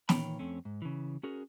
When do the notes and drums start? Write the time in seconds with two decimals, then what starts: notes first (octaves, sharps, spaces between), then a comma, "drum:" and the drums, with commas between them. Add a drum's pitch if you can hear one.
0.09 A#2 D#3 E3 C#5 G5 B5, drum: snare
0.39 F2 A3 C4 C#4
0.65 G#2
0.82 C#3 E3
1.23 C#4 F#4 G#4 A#4